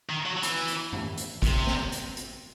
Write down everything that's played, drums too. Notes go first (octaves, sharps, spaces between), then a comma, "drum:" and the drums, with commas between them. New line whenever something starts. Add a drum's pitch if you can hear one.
D#3
F#3
F#3
E3, drum: hi-hat
drum: hi-hat
drum: tom G2
drum: hi-hat
C3, drum: kick, hi-hat
drum: snare
drum: hi-hat
drum: hi-hat